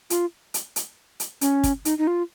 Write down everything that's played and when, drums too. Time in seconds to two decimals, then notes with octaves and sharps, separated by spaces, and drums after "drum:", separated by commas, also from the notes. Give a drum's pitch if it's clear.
0.10 F4, drum: hi-hat
0.54 drum: hi-hat
0.76 drum: hi-hat
1.20 drum: hi-hat
1.41 C#4, drum: hi-hat
1.64 drum: kick, hi-hat
1.85 D#4, drum: hi-hat
1.98 D#4
2.07 F4